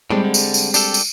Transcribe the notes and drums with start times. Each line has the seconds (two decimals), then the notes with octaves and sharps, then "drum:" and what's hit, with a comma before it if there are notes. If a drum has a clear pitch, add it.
0.10 A2 G3 G#3 C4 D4
0.24 D3
0.34 drum: tambourine
0.54 drum: tambourine
0.74 D4 G4 A4, drum: tambourine
0.94 drum: tambourine